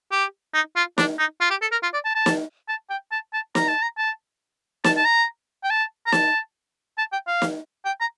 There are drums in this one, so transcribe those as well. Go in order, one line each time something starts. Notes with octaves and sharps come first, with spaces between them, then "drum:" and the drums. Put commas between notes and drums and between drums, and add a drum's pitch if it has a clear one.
G4
D#4
F4
D4, drum: snare
D#4
F4
G4
A4
A#4
F4
D5
A5
A5
drum: snare
A5
G5
A5
A5
A#5, drum: snare
A5
A#5
A5
A5, drum: snare
A5
A#5
G5
A5
A#5
A5, drum: snare
A5
G5
F5
drum: snare
G5
A#5